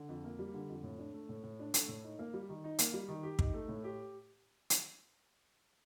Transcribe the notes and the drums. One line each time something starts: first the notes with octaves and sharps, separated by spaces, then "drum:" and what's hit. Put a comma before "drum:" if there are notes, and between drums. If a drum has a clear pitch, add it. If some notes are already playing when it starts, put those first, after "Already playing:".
Already playing: D3
F2
A#3
G3
D3
F2
A2
D4
A3
A2
A2
D4
A3, drum: hi-hat
A2
D#4
A#3
G3
D#3
D#4
A#3, drum: hi-hat
G3
D#3
G4
D#4, drum: kick
A3
A2
G4
drum: hi-hat